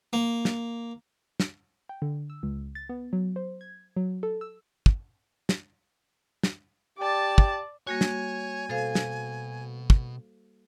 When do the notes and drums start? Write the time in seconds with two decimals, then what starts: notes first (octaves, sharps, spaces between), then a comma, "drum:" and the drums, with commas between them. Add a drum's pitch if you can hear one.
0.13 A#3
0.45 drum: snare
1.40 drum: snare
1.89 G5
2.02 D3
2.30 E6
2.43 C#2
2.75 A6
2.89 B3
3.13 F#3
3.36 C5
3.61 G#6
3.97 F#3
4.23 A4
4.41 E6
4.86 drum: kick
5.49 drum: snare
6.43 drum: snare
6.98 G4 D5 A5
7.38 drum: kick
7.87 G3 A#3 F#4 C#5 G#5
8.01 drum: snare
8.69 B2 A4 C5 F5
8.95 drum: snare
9.90 drum: kick